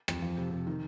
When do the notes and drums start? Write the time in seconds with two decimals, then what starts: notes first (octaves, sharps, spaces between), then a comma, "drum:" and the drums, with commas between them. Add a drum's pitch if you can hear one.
0.08 F2, drum: rim click
0.22 F3
0.38 C3
0.51 C3
0.67 D#3